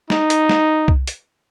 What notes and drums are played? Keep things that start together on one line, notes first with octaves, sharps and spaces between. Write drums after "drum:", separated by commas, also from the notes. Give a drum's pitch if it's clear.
D#4, drum: snare
drum: hi-hat
drum: snare
drum: kick C2
drum: hi-hat